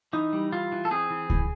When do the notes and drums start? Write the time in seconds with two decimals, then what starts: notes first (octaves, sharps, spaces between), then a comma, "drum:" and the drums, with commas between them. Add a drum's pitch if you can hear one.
0.13 E3 D#4
0.33 G3
0.52 E3 F4
0.72 E3
0.85 A4
0.91 C4 G#4
1.10 E3
1.30 E3, drum: kick C#2